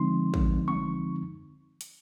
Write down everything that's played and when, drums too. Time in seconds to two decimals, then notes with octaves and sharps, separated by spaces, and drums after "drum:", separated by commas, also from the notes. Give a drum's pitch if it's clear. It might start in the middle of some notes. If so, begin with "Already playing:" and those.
Already playing: D3 F3 G#3 C4 D#4 C6
0.34 drum: kick
0.68 C#6, drum: tom
1.81 drum: hi-hat